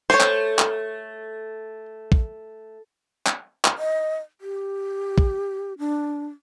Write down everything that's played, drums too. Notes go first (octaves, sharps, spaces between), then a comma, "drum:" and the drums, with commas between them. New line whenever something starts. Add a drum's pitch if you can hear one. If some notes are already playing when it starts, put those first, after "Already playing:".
A3 C5 C#5
drum: clap
drum: clap
drum: kick
drum: clap
drum: clap
D#5
G4
drum: kick
D4